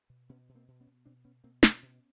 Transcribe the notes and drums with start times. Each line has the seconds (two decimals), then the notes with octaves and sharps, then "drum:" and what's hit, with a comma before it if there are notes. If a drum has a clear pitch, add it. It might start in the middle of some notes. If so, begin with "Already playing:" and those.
0.10 B2
0.29 B2 B3 C#4
0.49 B2
0.55 A#3 C4
0.68 B2
0.80 B3 C#4
0.87 B2
1.05 B2 C4 D4
1.25 B2 B3 C#4
1.44 B2 A#3 C4
1.63 B2 B3 C#4, drum: snare
1.82 B2